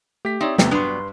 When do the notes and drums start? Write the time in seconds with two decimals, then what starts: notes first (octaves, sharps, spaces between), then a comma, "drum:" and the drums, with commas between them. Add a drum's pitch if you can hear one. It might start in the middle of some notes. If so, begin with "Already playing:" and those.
0.25 A3 G4 B6
0.41 C4 D#4 C#5 D5 E5
0.58 E2 C3 A3 B3 G5, drum: snare
0.71 G2 F#3 B3 D4 B4 C6